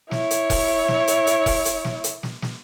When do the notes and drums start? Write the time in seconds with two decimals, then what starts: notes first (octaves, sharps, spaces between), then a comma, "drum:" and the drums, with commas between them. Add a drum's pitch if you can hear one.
0.11 E4 C#5, drum: snare
0.31 drum: hi-hat
0.50 drum: kick E1, open hi-hat
0.88 drum: snare
1.08 drum: hi-hat
1.27 drum: hi-hat
1.46 drum: kick E1, open hi-hat
1.65 drum: hi-hat
1.85 drum: snare
2.04 drum: hi-hat
2.23 drum: snare
2.42 drum: snare